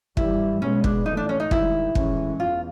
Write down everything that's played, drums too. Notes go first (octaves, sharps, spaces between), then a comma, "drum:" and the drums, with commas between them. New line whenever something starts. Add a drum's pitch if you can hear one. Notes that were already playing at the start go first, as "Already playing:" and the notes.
G2 E3 G3 E4, drum: kick
B2 G#3 B3 C#4
D4, drum: kick
A2 E3 A3 D#4
D4
C#4
D#4
G#2 D#3 G3 E4, drum: kick
A2 E3 G#3 C#4, drum: kick
E2 F4